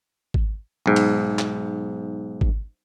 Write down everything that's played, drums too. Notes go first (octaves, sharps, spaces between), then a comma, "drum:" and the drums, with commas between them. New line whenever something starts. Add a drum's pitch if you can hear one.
drum: kick G#1
B1 G#2
drum: cymbal
drum: clap
drum: kick G#1